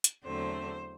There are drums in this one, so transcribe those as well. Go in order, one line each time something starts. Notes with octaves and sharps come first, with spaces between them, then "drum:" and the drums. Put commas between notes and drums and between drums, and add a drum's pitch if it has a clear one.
drum: hi-hat
E2 D3 F#3 A3 C4 C5